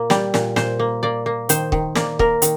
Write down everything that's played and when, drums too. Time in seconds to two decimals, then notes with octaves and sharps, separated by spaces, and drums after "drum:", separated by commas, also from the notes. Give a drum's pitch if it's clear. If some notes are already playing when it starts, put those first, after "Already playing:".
Already playing: A#2 A#3
0.10 G3 D5, drum: snare
0.34 A#2, drum: snare
0.56 A#2 C5, drum: snare
0.79 A#3
1.03 A#3 D5
1.26 A#3
1.49 D#3 C5, drum: hi-hat
1.72 D#3, drum: kick
1.95 A#3 D5, drum: snare
2.19 A#3 A#4, drum: kick
2.42 D#3, drum: hi-hat